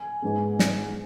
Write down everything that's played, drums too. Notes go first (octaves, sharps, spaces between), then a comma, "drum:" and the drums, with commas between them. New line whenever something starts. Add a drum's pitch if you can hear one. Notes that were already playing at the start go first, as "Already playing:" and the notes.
Already playing: G#5
G#2 G#3 B3
drum: snare